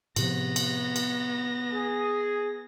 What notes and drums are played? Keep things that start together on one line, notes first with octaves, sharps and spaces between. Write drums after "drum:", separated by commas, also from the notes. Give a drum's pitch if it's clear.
A2 C3 F3 B3 A#6, drum: cymbal
drum: cymbal
drum: cymbal
G#4